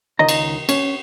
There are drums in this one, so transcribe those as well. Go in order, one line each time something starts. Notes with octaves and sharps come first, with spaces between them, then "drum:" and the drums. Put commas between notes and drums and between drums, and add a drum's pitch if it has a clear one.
C#2 D#3 D#5 A#5
drum: cymbal
C#4, drum: cymbal